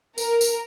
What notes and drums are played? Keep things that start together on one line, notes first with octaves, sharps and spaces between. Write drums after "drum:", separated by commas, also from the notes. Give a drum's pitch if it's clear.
A#4, drum: tambourine
drum: tambourine